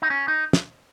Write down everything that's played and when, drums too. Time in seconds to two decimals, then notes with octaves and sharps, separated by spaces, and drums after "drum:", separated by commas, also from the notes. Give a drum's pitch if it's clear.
0.02 D#4
0.10 C#4
0.28 D#4
0.53 drum: snare